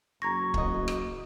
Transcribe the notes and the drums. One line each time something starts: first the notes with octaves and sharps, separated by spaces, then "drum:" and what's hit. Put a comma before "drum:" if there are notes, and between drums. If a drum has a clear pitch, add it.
F#1 A#5 C#6 G#6 A#6
F#4 D#5, drum: kick
drum: rim click